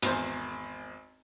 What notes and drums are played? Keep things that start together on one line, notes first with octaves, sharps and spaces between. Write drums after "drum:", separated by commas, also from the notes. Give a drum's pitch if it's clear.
G#1 E2 C5, drum: hi-hat